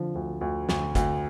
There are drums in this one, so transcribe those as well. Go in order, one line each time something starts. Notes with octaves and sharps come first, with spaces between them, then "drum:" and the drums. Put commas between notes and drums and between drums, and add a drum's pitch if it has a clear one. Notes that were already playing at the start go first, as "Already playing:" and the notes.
Already playing: D3 F3
D2
D2
D2, drum: snare
D2, drum: kick, hi-hat